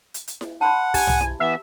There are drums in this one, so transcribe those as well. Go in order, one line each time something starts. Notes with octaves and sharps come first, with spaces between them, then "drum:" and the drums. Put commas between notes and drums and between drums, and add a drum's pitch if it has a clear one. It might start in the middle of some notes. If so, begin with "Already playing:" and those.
drum: hi-hat
drum: hi-hat
drum: snare E4
F#5 A5 B5 C6
G4 G#5, drum: kick, open hi-hat
drum: tom
drum: snare E4
E3 B3 E5